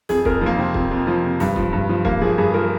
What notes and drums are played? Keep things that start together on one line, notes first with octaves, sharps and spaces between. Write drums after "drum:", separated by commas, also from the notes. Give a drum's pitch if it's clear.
F2 G#4, drum: snare
F2 A#4, drum: kick
F3
A#3
C3 C4
F2, drum: kick
F2
F3
C3
G2, drum: snare
F3, drum: kick
G2
F3
G2 A#3, drum: kick
F3 G#4
G2 G#4
F3 A#4